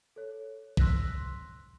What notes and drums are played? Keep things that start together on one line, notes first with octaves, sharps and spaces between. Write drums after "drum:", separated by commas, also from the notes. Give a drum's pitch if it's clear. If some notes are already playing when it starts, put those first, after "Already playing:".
A4 C#5
C6 E6 F#6 A#6 B6, drum: kick